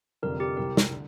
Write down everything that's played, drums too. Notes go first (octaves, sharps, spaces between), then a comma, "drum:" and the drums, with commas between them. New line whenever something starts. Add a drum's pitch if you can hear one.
F1 F2 D3 G3 A#4
G4
C2 C3 G3 C4 A#4
drum: snare
D3